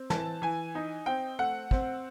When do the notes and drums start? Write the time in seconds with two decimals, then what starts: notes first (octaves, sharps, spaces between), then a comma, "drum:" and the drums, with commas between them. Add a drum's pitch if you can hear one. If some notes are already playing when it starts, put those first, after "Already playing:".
Already playing: C4
0.10 E3 A5, drum: snare
0.42 E3 G#5
0.75 D#4
1.06 C4 G5
1.39 A3 F#5
1.71 C4, drum: kick